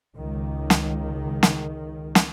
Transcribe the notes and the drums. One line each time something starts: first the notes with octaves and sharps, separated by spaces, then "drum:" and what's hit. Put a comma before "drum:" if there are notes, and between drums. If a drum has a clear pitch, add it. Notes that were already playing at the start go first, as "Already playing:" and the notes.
C#2 D#3
drum: snare
drum: snare
drum: snare